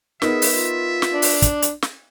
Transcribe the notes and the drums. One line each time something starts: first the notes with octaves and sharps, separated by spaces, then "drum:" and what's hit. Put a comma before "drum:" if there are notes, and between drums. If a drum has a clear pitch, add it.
D3 B3 D#4 G#4 A#4 E5, drum: snare
drum: open hi-hat
F4
drum: snare
D4
drum: open hi-hat
drum: kick, hi-hat
drum: hi-hat
drum: snare